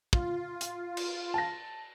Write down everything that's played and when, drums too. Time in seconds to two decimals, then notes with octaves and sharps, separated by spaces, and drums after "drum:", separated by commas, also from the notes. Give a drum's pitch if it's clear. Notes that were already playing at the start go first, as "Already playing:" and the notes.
0.13 F4, drum: kick
0.61 drum: hi-hat
0.97 drum: cymbal
1.34 A5 A#6